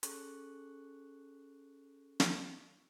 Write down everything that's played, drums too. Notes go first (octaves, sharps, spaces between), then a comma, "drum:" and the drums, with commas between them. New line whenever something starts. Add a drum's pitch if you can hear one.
C#4 G#4 A4 C#6 F#6, drum: hi-hat
drum: snare